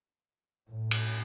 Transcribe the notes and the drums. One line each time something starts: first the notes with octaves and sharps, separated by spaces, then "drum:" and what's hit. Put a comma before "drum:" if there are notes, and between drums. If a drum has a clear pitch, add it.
A2
drum: cymbal